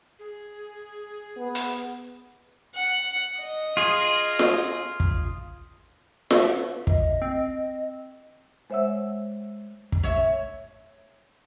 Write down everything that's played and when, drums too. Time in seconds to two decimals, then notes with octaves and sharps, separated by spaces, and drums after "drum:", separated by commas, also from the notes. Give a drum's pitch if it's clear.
0.19 G#4
1.37 B3
1.55 drum: hi-hat
2.75 F#5
3.39 D#5
3.77 F4 G#4
4.39 drum: snare F4
5.00 drum: kick
6.31 B4 E5, drum: snare F4
6.87 D#5, drum: kick
7.22 C4
8.70 G#3 C5 C#5 E5 F#5 E6
9.92 drum: kick
10.03 C#5 E5